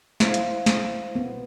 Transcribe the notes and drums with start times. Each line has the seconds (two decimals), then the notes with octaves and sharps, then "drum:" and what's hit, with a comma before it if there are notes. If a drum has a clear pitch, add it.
0.20 E4 C5 F5, drum: snare
0.34 drum: hi-hat
0.66 drum: snare
1.15 B3